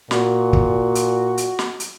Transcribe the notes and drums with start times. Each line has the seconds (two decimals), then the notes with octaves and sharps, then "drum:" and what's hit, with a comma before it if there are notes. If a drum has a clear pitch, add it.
0.11 A#2 F#4, drum: snare
0.53 drum: kick
0.95 drum: hi-hat
1.38 drum: hi-hat
1.59 drum: snare
1.80 drum: hi-hat